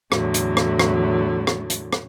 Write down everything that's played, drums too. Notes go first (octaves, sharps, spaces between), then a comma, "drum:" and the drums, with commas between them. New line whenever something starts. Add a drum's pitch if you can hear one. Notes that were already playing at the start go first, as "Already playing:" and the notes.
E2 A2 D3 F#3, drum: rim click
drum: hi-hat
drum: rim click
drum: rim click
drum: rim click
drum: hi-hat
drum: rim click